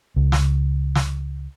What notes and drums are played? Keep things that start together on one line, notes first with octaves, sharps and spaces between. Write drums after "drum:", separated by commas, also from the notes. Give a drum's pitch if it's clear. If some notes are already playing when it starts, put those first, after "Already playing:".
C#2
drum: snare
drum: snare